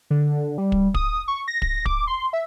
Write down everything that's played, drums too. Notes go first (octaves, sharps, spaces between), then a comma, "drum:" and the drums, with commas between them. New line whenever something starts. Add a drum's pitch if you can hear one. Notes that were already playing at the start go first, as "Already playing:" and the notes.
D3
G3
drum: kick
D#6, drum: kick
C#6
A#6
drum: kick
D6, drum: kick
C6
E5